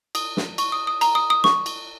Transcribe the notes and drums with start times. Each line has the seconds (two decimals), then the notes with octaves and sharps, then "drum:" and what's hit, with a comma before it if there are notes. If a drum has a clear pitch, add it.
0.15 D#6, drum: cymbal
0.37 drum: snare
0.58 C#6, drum: cymbal
0.72 D#6
0.87 D#6
1.01 A#5, drum: cymbal
1.15 D#6
1.30 D#6
1.44 C#6, drum: snare
1.66 drum: cymbal